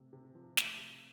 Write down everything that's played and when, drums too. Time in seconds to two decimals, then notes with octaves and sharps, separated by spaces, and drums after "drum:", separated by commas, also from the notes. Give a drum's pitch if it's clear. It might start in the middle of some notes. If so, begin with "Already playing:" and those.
Already playing: C3 A3
0.13 C3
0.35 F3
0.57 A3, drum: snare
0.78 C3